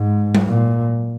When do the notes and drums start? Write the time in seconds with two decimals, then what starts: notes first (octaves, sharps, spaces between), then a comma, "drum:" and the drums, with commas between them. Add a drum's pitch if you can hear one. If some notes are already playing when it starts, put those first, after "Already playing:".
Already playing: G#2
0.35 drum: tom F#3
0.46 A#2